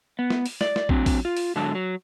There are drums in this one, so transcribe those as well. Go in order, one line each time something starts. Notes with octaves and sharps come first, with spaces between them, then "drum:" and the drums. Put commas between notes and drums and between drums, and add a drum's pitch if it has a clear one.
B3
drum: snare
drum: open hi-hat
D5, drum: snare
drum: snare
F#3 C4 D4, drum: kick
drum: kick, open hi-hat
F4
drum: open hi-hat
G#2 D3 F#3 A5
F#3